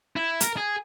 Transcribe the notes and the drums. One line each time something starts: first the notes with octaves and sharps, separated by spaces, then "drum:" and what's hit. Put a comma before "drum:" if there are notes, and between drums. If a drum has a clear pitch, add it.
E4
A#4, drum: hi-hat
G#4